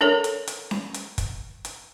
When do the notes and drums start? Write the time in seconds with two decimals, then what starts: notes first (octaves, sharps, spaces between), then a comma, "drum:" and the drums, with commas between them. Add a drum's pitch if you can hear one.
0.01 D4 A4 A#4 C#5
0.24 drum: hi-hat
0.48 drum: hi-hat
0.71 drum: snare C#4
0.94 drum: hi-hat
1.18 drum: kick, hi-hat
1.65 drum: hi-hat